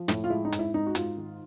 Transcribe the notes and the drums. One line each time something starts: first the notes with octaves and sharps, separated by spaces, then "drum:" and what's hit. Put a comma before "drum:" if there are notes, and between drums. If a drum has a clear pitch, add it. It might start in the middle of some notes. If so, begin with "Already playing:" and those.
Already playing: F3
A2 E4, drum: snare
F4
G#3 E4
D#4
G#2, drum: hi-hat
E4
G#2 D#4
F#4
G#2 F4, drum: hi-hat
D#3